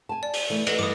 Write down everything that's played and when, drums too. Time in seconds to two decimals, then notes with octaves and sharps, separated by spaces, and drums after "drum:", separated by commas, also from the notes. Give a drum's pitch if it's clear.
0.09 G#5 A5
0.23 D5
0.34 drum: open hi-hat
0.50 E3 A3
0.67 B3 A4 B4 D#5, drum: cymbal
0.79 G2 E3 D6 D#6